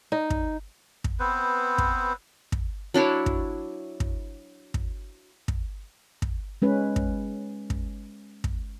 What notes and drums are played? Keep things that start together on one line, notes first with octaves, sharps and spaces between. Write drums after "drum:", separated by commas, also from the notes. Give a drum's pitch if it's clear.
D#4
drum: kick
drum: kick
B3 C4 B4 C5
drum: kick
drum: kick
F#3 D4 E4 C#5
drum: kick
drum: kick
drum: kick
drum: kick
drum: kick
G#3 C#4 B4
drum: kick
drum: kick
drum: kick